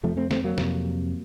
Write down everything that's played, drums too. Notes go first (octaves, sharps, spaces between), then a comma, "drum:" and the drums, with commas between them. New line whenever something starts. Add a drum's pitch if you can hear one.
F2 C3 F3 A3
A3 C4
A3 C4, drum: snare
F#3 A#3
F2 C3, drum: snare